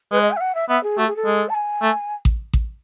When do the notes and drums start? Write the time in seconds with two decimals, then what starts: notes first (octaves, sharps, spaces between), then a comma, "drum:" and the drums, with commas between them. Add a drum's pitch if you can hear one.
0.11 G#3 B4
0.21 D#5
0.31 G#5
0.36 E5
0.40 F#5
0.54 E5
0.69 B3 E5
0.83 G#4
0.98 A3 F#4
1.07 G#4
1.16 A4
1.25 G#3
1.48 A5
1.54 G#5
1.82 A3
2.25 drum: kick A1
2.53 drum: kick A1